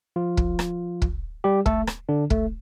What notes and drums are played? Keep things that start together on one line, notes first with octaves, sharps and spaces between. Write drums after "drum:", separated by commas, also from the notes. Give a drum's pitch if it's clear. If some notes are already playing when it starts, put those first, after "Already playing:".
F3 F4
drum: kick
drum: rim click
drum: kick
G3 G4
A3 A4, drum: kick
drum: rim click
D3 D4
A3, drum: kick